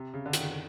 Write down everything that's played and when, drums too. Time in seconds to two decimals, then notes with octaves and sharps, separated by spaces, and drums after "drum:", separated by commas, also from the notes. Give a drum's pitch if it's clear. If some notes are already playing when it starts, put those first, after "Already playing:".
Already playing: C3
0.14 C#3
0.26 D3
0.33 D#3, drum: hi-hat